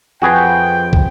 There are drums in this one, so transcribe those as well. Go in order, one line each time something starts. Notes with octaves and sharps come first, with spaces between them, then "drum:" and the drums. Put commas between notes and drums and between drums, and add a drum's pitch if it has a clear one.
F2 F#4 G#4 B4 G5
drum: kick